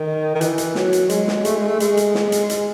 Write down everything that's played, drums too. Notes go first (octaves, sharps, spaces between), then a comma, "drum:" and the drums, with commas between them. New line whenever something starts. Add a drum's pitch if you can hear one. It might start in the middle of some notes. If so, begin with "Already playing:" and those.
Already playing: D#3
D#3
E3, drum: hi-hat
drum: hi-hat
F#3, drum: snare
drum: hi-hat
G#3, drum: hi-hat
drum: snare
A3, drum: hi-hat
G#3
A3
G#3, drum: hi-hat
drum: hi-hat
drum: snare
drum: hi-hat
drum: hi-hat